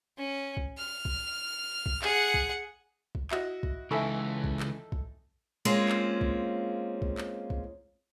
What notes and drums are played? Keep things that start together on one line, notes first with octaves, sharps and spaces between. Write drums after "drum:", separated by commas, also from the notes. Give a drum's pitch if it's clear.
C#4
drum: kick
F6
drum: kick
drum: kick
G#4 F#5, drum: clap
drum: kick
drum: kick
E4 F#4 D#5, drum: clap
drum: kick
C#2 E3 D#4 A4 E5 G#5 B5 C#6
drum: kick
drum: clap
drum: kick
G#3 A#3 C4 C#4 F4
drum: clap
drum: kick
drum: kick
drum: clap
drum: kick